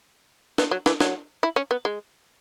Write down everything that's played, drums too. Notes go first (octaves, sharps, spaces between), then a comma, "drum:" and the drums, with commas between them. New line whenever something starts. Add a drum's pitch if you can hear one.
B3, drum: snare
F#3
E3, drum: snare
F#3, drum: snare
E4
C#4
B3
G#3